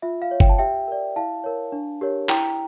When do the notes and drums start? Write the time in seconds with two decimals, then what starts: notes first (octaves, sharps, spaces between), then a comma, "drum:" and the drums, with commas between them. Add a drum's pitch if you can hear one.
0.02 F4 E5
0.22 F5
0.31 C#5
0.40 G5, drum: kick
0.49 A5
0.58 G4 E5 G5
0.88 A#4 D5
1.16 E4 F5 A5
1.44 A#4 C#5
1.72 D4
2.01 G4 A#4 C#5
2.29 E4 G5 A#5, drum: clap